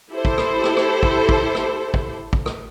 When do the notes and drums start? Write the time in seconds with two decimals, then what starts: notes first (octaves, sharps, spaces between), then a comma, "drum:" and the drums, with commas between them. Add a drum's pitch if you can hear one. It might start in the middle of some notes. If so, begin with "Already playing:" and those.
0.12 E4 G4 A4 C5
0.25 drum: kick
0.38 drum: rim click
0.64 drum: rim click
0.77 drum: rim click
1.03 drum: kick
1.29 drum: kick
1.55 drum: rim click
1.94 drum: kick
2.33 drum: kick
2.46 drum: rim click